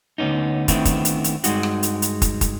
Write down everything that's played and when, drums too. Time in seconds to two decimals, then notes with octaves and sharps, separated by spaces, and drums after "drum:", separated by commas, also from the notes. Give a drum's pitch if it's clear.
0.18 D2 G2 B3 C#4 D#4
0.68 D#3 A3 B3 C4 D4 E4, drum: kick, hi-hat
0.85 drum: kick, hi-hat
1.05 drum: hi-hat
1.24 drum: hi-hat
1.44 G2 G#3 D#4 F#4, drum: hi-hat
1.63 drum: rim click
1.83 drum: hi-hat
2.02 drum: hi-hat
2.22 drum: kick, hi-hat
2.41 drum: kick, hi-hat